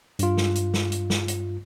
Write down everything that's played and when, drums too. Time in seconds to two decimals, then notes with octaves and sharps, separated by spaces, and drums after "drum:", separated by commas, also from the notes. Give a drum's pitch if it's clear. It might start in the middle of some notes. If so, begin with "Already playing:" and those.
0.19 G2 F4, drum: hi-hat
0.37 drum: snare
0.55 drum: hi-hat
0.74 drum: snare
0.92 drum: hi-hat
1.10 drum: snare
1.28 drum: hi-hat